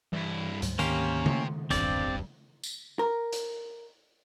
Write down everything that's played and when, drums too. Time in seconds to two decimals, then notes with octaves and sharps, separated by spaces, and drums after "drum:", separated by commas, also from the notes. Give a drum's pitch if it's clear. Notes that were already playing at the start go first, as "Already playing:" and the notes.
0.13 G2 E3 E4
0.62 D2 G#2, drum: hi-hat
0.79 D#3 A#3 C#4 G4 A#4 C5, drum: hi-hat
1.26 drum: tom C#3
1.71 D1 G1 E2 G2 C4 D5, drum: hi-hat
2.64 drum: tambourine
2.99 A#4
3.33 drum: hi-hat